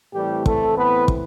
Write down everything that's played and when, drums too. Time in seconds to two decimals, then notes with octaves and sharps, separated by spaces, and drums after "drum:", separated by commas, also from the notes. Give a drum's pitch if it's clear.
0.13 A2 E3 G3 A3 C4 G4
0.46 A3 A4, drum: kick
0.76 B3 B4
1.08 drum: kick